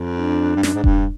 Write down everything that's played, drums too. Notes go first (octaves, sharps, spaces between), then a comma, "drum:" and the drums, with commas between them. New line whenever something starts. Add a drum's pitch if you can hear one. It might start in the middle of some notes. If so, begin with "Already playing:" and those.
Already playing: F2
D4
G2
F#2, drum: snare
G#2
G2, drum: kick E1